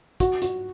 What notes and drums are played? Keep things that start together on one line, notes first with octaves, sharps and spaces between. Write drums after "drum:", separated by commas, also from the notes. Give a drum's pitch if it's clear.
F#4, drum: kick, hi-hat
F#4, drum: hi-hat